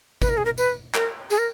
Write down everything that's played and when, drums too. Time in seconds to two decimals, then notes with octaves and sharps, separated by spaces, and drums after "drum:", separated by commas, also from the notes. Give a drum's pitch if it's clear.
0.22 B4, drum: kick, tambourine
0.29 A#4
0.37 G#4
0.45 A#4
0.58 B4, drum: tambourine
0.94 A#4, drum: clap
1.30 G#4, drum: tambourine
1.38 A#4